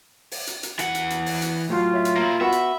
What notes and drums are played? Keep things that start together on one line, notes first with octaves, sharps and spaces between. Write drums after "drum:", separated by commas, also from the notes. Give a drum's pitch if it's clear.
drum: open hi-hat
drum: hi-hat
drum: hi-hat
E3 F#5, drum: hi-hat
drum: hi-hat
drum: hi-hat
drum: open hi-hat
drum: hi-hat
A2 F#3 F4
C#5 E5
drum: hi-hat
A#3 E4
B3 F#4 E5 B5
drum: hi-hat